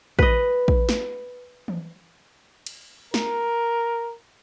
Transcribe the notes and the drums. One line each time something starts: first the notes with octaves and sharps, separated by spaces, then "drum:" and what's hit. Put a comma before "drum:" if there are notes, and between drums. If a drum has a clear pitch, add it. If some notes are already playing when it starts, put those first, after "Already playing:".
B4 D#5, drum: kick
drum: kick
drum: snare
drum: tom E3
drum: cymbal
A#4, drum: snare